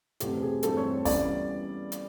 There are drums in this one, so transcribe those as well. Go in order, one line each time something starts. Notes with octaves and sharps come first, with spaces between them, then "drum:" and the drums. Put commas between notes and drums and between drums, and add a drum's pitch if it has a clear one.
E2 B2 F#3 A3 C4 G4, drum: hi-hat
G#4
G2 E3 A3 C4 A4, drum: hi-hat
C#5
C#3 E3 G3 B3 D5, drum: kick, open hi-hat
drum: hi-hat